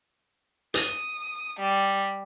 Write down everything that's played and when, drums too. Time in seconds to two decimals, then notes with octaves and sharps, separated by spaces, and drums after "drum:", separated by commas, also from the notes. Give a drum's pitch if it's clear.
0.74 D#6, drum: hi-hat
1.58 G3